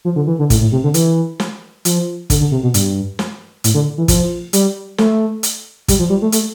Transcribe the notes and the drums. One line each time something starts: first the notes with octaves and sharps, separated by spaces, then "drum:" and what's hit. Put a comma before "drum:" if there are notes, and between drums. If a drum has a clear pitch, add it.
F3
D3
E3
D3
A2, drum: kick, hi-hat
A2
C3
D3
E3, drum: hi-hat
drum: snare
F3, drum: hi-hat
D3, drum: kick, hi-hat
D3
C3
B2
G2, drum: hi-hat
drum: snare
A2, drum: hi-hat
D3
E3
F3, drum: kick, hi-hat
G3, drum: hi-hat
A3, drum: snare
drum: hi-hat
G3, drum: kick, hi-hat
F3
G3
A3
A3, drum: hi-hat